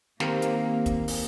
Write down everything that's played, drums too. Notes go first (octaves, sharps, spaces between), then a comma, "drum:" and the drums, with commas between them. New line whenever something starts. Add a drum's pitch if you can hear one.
D#3 A#3 C4 G4 A#4 C5 F5, drum: snare
drum: hi-hat
drum: kick, hi-hat
drum: open hi-hat